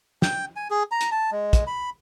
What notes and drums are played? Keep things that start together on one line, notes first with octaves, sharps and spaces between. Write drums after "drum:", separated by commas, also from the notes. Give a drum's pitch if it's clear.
G5, drum: snare
G#5
G#4
A#5
drum: hi-hat
A5
G#3
drum: kick, hi-hat
B5